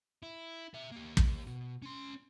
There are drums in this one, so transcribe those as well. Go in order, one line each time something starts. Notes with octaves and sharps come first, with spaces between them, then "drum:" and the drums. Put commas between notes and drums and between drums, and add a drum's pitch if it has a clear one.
E4
G4 E5
A#3 G4
drum: kick
B2
C#4 C6